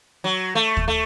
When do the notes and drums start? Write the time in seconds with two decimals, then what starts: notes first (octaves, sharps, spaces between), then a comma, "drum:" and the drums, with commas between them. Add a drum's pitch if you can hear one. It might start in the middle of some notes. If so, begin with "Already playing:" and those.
0.24 F#3
0.55 A3
0.77 drum: kick
0.88 A3